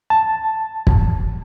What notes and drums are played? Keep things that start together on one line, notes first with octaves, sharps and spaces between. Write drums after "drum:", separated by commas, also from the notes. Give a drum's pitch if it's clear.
A5
drum: kick